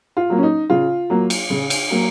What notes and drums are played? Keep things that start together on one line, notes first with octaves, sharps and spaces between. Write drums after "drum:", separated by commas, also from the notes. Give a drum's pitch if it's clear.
F4
F#3 A#3
C#4
D#4
C#3 F4
F#3 A#3
drum: cymbal
C#3
drum: cymbal
F#3 A#3